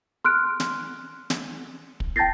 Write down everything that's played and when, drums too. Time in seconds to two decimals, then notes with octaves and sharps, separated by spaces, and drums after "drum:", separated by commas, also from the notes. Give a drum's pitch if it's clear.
0.25 C6 F6 F#6 D7
0.60 drum: snare
1.30 drum: snare
2.00 drum: kick
2.16 G5 A5 G6 A6 A#6 C7